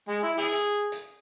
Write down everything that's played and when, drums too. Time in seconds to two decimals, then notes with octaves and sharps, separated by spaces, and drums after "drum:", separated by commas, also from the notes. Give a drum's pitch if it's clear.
0.08 G#3
0.23 E4
0.38 E4 G#4
0.53 drum: hi-hat
0.92 drum: hi-hat